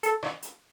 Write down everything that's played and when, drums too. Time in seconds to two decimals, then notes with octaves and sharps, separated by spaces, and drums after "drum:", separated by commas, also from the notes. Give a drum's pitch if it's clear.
0.03 A4, drum: hi-hat
0.23 drum: rim click
0.42 drum: hi-hat